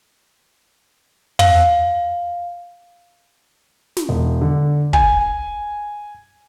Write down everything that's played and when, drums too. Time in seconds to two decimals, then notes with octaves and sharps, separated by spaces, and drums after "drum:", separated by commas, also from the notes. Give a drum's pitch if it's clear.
1.39 F5, drum: tom
3.97 drum: snare
4.09 E1
4.42 D3
4.93 G#5, drum: kick